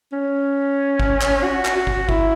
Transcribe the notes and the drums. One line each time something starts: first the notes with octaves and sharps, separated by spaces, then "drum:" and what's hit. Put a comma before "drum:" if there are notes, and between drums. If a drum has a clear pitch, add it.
C#4
drum: kick
drum: clap
F#4
drum: clap
F#4
drum: kick
E4, drum: kick